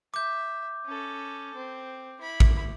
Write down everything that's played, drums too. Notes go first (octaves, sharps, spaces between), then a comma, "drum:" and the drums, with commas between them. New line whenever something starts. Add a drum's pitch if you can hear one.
E5 D6 G6
C#4 A4
C4
E4 B5
drum: kick